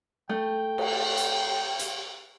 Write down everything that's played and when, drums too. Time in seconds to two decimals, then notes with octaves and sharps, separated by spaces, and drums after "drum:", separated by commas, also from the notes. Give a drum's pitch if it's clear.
0.29 A3 G5
0.78 drum: cymbal
1.17 drum: hi-hat
1.79 drum: hi-hat